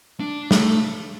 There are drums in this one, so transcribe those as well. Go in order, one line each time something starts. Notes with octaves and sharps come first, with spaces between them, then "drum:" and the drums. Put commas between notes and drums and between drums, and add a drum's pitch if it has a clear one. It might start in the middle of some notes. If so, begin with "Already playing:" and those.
D4
A3, drum: snare